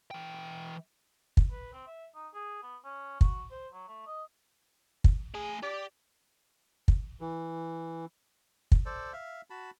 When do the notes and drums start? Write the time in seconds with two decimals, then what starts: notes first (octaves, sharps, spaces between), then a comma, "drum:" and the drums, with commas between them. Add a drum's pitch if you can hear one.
0.11 E3 G5
1.37 drum: kick
1.51 B4
1.73 C4
1.87 E5
2.15 D#4
2.33 G#4
2.63 B3
2.84 C#4
3.21 F#4, drum: kick
3.51 C5
3.73 F#3
3.88 A3
4.06 D#5
5.04 drum: kick
5.34 A3 G#4 G#5
5.63 G4 D5
6.88 drum: kick
7.21 E3
8.72 drum: kick
8.86 A4 C5 D5
9.13 E5 F5
9.50 F#4 A5 B5